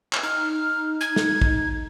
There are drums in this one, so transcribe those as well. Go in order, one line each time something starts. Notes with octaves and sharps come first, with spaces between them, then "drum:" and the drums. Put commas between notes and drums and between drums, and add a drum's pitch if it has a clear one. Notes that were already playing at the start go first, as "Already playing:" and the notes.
drum: clap
D#4 F6
G#6
drum: snare
drum: kick